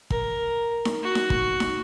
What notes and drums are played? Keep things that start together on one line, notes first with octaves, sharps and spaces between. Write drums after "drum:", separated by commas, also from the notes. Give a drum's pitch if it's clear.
A#4, drum: kick
drum: snare D#4
F#4
drum: snare D#4
drum: kick
drum: snare D#4